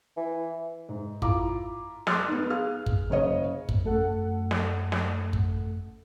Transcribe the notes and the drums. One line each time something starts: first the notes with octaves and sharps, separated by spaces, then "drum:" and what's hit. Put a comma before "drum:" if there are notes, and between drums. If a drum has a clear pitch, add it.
E3
G#2
E4 F4 A#5 D6, drum: kick
C6 D6 D#6 F6 F#6 A6, drum: snare
B3 D#4
G#4 F5 F6
drum: kick
F#1 C#3 C#5 D#5
drum: kick
F#2 A3 A4 F#5
drum: snare
drum: snare
drum: kick